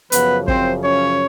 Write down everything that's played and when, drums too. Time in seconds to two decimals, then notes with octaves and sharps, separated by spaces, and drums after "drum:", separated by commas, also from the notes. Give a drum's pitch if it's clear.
0.12 F#2 C#3 F3 B3 B4, drum: hi-hat
0.48 C4 C5, drum: kick
0.84 C#4 C#5